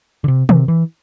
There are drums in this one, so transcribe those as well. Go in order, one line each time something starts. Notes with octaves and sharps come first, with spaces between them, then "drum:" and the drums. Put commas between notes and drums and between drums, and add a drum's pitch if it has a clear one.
D3
C3
C3, drum: tom D#3
E3